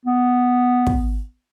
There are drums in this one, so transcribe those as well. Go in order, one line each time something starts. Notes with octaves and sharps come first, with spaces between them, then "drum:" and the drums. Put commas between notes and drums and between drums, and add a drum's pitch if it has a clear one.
B3
drum: kick